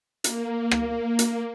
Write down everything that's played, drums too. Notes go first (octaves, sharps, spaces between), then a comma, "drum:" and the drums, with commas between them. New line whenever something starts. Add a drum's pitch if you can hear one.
A#3, drum: hi-hat
drum: rim click
drum: hi-hat